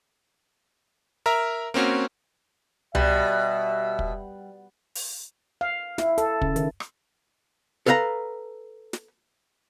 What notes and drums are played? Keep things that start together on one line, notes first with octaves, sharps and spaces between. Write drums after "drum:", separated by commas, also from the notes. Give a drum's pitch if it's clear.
A#4 E5 A#5
A#3 C4 C#4 F#4
B2 G3 E5, drum: tom C2
drum: kick
drum: open hi-hat
F5
E4, drum: snare
A4, drum: hi-hat
C#3, drum: kick
D#3, drum: hi-hat
drum: rim click
A4 B4 F5 F#5 A#5
drum: snare